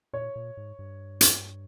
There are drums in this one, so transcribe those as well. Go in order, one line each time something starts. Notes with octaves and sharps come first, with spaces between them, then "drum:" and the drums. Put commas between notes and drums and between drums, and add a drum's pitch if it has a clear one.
A#2 C#5
A#2
G#2
G2
drum: hi-hat